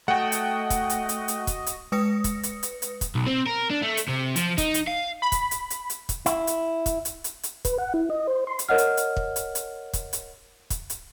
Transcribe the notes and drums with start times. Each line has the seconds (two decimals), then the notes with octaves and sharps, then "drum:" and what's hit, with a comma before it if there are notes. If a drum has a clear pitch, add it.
0.08 A3 F#4 D#5 F#5 G5
0.32 drum: hi-hat
0.70 drum: kick, hi-hat
0.90 drum: hi-hat
1.09 drum: hi-hat
1.28 drum: hi-hat
1.47 drum: kick, hi-hat
1.66 drum: hi-hat
1.92 G#3 B4 D#6 A#6 C#7
2.24 drum: kick, hi-hat
2.43 drum: hi-hat
2.63 drum: hi-hat
2.82 drum: hi-hat
3.01 drum: kick, hi-hat
3.15 B1
3.26 C4
3.46 A#4
3.70 D4
3.82 A3
3.97 drum: hi-hat
4.08 C3
4.36 F3, drum: hi-hat
4.58 D#4, drum: kick, hi-hat
4.74 drum: hi-hat
4.88 F5
5.22 B5
5.32 drum: kick, hi-hat
5.51 drum: hi-hat
5.70 drum: hi-hat
5.90 drum: hi-hat
6.09 drum: kick, hi-hat
6.26 E4, drum: hi-hat
6.47 drum: hi-hat
6.86 drum: kick, hi-hat
7.05 drum: hi-hat
7.24 drum: hi-hat
7.43 drum: hi-hat
7.65 B4, drum: kick, hi-hat
7.78 F#5
7.94 E4
8.10 D#5
8.27 C5
8.47 C6
8.59 drum: hi-hat
8.69 A#4 C#5 D#5 F#5 F6
8.78 drum: hi-hat
8.97 drum: hi-hat
9.17 drum: kick
9.36 drum: hi-hat
9.55 drum: hi-hat
9.93 drum: kick, hi-hat
10.13 drum: hi-hat
10.70 drum: kick, hi-hat
10.90 drum: hi-hat